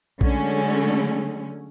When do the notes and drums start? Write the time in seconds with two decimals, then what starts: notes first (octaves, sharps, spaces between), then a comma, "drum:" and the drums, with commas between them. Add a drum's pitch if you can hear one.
0.21 D3 F#3 G#3 A3 C#4, drum: kick A#1